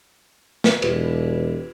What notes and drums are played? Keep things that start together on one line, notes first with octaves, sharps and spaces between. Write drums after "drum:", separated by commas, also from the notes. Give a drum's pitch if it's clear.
drum: snare
E1 F4 G4 B4, drum: cymbal